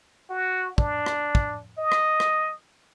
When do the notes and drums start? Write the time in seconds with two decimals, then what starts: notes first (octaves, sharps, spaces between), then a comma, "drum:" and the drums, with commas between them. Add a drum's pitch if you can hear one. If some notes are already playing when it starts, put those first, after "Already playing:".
0.30 F#4
0.78 D4, drum: kick
1.06 drum: rim click
1.35 drum: kick
1.78 D#5
1.92 drum: rim click
2.20 drum: rim click